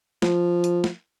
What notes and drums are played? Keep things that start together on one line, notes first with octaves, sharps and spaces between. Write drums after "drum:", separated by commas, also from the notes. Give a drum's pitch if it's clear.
F3, drum: snare
drum: hi-hat
drum: snare